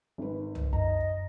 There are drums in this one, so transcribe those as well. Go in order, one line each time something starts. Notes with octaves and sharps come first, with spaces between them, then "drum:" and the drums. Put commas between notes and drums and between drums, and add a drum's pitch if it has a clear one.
G#1 B4
drum: tom C2
F#2 D#5 A#5
drum: kick